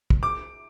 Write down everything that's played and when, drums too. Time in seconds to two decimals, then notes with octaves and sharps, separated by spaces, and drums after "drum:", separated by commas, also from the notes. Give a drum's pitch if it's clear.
0.10 drum: kick
0.23 D6